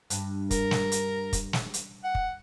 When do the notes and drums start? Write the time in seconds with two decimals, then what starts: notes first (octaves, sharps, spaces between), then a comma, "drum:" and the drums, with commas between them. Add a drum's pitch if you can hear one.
0.10 G2, drum: hi-hat
0.51 A#4, drum: kick, hi-hat
0.71 drum: snare
0.92 drum: hi-hat
1.33 drum: kick, hi-hat
1.53 drum: snare
1.74 drum: hi-hat
2.04 F#5
2.15 drum: kick